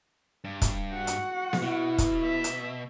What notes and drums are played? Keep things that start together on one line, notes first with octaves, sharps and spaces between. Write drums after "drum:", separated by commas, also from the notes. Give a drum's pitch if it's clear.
G2
drum: kick, hi-hat
F#4 F#5
drum: hi-hat
drum: snare B3
B2 E4
drum: kick, hi-hat
E5
drum: hi-hat